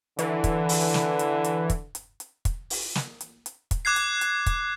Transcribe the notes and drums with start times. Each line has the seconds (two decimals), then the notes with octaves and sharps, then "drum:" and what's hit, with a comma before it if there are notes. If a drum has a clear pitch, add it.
0.19 D3 E3, drum: hi-hat
0.44 drum: kick, hi-hat
0.69 drum: open hi-hat
0.94 drum: snare
1.19 drum: hi-hat
1.44 drum: hi-hat
1.70 drum: kick, hi-hat
1.95 drum: hi-hat
2.20 drum: hi-hat
2.45 drum: kick, hi-hat
2.70 drum: open hi-hat
2.95 drum: snare
3.21 drum: hi-hat
3.46 drum: hi-hat
3.71 drum: kick, hi-hat
3.85 D6 F#6 G#6 C7
3.96 drum: hi-hat
4.21 drum: hi-hat
4.46 drum: kick, hi-hat